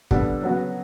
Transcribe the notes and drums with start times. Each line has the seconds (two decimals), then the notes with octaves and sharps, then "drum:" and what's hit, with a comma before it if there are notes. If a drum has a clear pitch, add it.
0.11 D3 G3 B3, drum: kick
0.42 C#3 F#3 B3 F#4